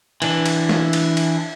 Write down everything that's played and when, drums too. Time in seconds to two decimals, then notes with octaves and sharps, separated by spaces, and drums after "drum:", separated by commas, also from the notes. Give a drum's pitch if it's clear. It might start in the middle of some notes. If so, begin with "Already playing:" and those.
0.22 E3 D4, drum: cymbal
0.46 drum: cymbal
0.69 drum: snare
0.93 drum: cymbal
1.17 drum: cymbal